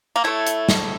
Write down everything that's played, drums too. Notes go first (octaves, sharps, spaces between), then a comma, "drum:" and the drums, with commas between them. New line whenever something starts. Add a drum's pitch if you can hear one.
A#3
A3 E4 A4 C#5
drum: hi-hat
drum: snare